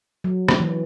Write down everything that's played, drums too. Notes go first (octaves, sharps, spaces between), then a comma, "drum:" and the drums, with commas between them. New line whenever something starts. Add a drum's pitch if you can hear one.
F#3
drum: rim click
E3